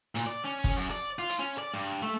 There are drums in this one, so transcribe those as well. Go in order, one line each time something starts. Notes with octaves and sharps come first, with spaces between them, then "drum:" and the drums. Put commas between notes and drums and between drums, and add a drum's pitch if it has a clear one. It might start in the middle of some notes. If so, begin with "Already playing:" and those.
A#2, drum: hi-hat
D5
C#4
drum: kick, open hi-hat
F#2
D5
F4
drum: hi-hat
C#4
D5
G2
A3